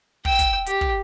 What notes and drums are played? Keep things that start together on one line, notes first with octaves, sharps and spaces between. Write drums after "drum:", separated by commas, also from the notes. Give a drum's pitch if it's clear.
G5 E6, drum: kick
drum: kick, hi-hat
G4, drum: hi-hat
drum: kick